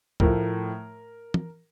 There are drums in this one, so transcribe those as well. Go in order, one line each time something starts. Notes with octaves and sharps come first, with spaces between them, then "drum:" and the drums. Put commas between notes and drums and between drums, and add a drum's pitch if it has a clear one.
A2 F3 A3 A#4, drum: kick
drum: tom